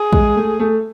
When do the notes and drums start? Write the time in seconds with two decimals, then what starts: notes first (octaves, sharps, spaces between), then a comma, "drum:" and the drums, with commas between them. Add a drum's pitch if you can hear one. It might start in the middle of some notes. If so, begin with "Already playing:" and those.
Already playing: G#4
0.13 G#3, drum: kick
0.36 A3
0.60 A3